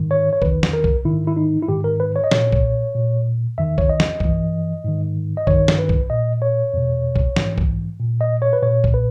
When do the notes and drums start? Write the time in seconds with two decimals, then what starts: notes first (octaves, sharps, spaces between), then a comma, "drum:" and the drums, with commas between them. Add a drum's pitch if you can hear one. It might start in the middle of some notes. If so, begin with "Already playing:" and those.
Already playing: G#2 D#3
0.11 C#5
0.33 C#5
0.42 E2 D#3 B4, drum: kick B1
0.63 drum: snare
0.73 A#4
0.84 drum: kick B1
1.05 G#2 D#3 E4
1.27 E4
1.37 D#4
1.62 E4
1.68 G#2 D#3 G4
1.84 A#4
2.00 B4
2.16 C#5
2.24 D#5
2.31 A#2 C#5, drum: snare
2.52 drum: kick B1
2.95 A#2
3.58 E2 D#3 E5
3.78 C#5, drum: kick B1
3.89 D#5
4.00 drum: snare
4.20 G2 E3, drum: kick B1
4.84 G#2 D#3
5.37 D#5
5.47 G2 D#3 C#5, drum: kick B1
5.68 drum: snare
5.78 B4
5.89 drum: kick B1
6.10 A#2 D#5
6.42 C#5
6.74 E2 B2
7.16 drum: kick B1
7.36 G#2 E3, drum: snare
7.58 drum: kick B1
8.00 A#2
8.21 D#5
8.42 C#5
8.53 B4
8.63 A#2 C#5
8.84 drum: kick B1
8.94 B4